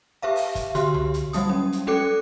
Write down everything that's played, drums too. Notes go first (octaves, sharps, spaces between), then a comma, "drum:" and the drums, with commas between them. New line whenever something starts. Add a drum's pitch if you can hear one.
G4 B4 E5 F5
drum: open hi-hat
drum: kick, hi-hat
D3 F#4 G4 C6, drum: hi-hat
drum: tom C#2
drum: hi-hat
F#3 G3 A#3 D#6, drum: hi-hat
C#4
drum: hi-hat
G#3 C#4 A4 D6 F#6 C#7